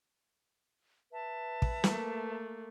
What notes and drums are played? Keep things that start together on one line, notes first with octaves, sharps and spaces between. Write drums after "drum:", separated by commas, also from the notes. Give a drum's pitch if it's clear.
B4 E5 A5
drum: kick
A3 A#3, drum: snare